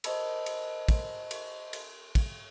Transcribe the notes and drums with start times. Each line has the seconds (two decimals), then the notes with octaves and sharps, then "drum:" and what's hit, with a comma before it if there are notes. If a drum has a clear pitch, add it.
0.04 A#4 C5 D#5 A5 B5 E6, drum: cymbal
0.46 drum: cymbal
0.89 drum: kick, cymbal
1.31 drum: cymbal
1.73 drum: cymbal
2.15 drum: kick, cymbal